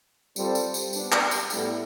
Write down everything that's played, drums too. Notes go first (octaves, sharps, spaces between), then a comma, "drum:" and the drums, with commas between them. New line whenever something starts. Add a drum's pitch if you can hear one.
G3 C4 F4 A4 C5, drum: tambourine
drum: tambourine
drum: tambourine
G3 B3 D4, drum: tambourine
drum: clap
drum: tambourine
A2 G3 B3 E4 A4, drum: tambourine